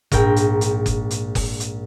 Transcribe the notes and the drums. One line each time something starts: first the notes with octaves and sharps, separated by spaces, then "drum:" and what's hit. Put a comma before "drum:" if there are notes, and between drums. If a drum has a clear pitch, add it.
A#1 G#2 A#4 G5, drum: kick F#1, hi-hat
drum: hi-hat
drum: hi-hat
drum: kick F#1, hi-hat
drum: hi-hat
drum: kick F#1, open hi-hat
drum: hi-hat